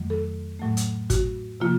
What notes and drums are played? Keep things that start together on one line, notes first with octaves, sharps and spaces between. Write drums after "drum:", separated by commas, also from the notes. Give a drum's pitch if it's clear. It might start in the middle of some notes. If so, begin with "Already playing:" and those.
Already playing: F2 D#3 F#3 A3
A4
A2 F#3 A3
drum: hi-hat
F#4, drum: kick, hi-hat
C3 F3 A#3 F4